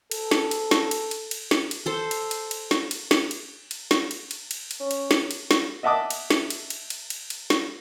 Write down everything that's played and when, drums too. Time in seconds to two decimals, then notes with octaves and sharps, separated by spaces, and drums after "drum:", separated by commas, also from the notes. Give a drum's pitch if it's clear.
0.11 A4, drum: cymbal
0.31 drum: snare
0.51 drum: cymbal
0.71 drum: snare
0.91 drum: cymbal
1.11 drum: cymbal
1.31 drum: cymbal
1.51 drum: snare
1.71 drum: cymbal
1.86 A4 C5
2.11 drum: cymbal
2.31 drum: cymbal
2.51 drum: cymbal
2.71 drum: snare
2.91 drum: cymbal
3.11 drum: snare
3.31 drum: cymbal
3.71 drum: cymbal
3.91 drum: snare
4.11 drum: cymbal
4.31 drum: cymbal
4.51 drum: cymbal
4.71 drum: cymbal
4.80 C#4
4.91 drum: cymbal
5.11 drum: snare
5.31 drum: cymbal
5.51 drum: snare
5.83 D#5 E5 F#5 A5 D6 D#6
6.10 drum: cymbal
6.30 drum: snare
6.50 drum: cymbal
6.70 drum: cymbal
6.90 drum: cymbal
7.10 drum: cymbal
7.30 drum: cymbal
7.50 drum: snare